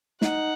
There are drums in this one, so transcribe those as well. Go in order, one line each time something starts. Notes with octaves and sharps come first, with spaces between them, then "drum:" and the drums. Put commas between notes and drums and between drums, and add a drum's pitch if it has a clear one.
D#4 F#5, drum: snare